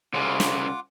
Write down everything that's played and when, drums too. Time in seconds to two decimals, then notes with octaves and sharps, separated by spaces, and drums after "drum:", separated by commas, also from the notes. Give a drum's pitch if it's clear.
0.14 C2 C#3 F4 F#5 D6
0.40 drum: snare